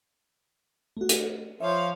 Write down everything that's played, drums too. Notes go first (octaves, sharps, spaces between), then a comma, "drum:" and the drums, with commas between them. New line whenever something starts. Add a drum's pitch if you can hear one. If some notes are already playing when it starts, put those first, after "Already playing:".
A3 F#4
drum: hi-hat
F3 C#5 E5 F5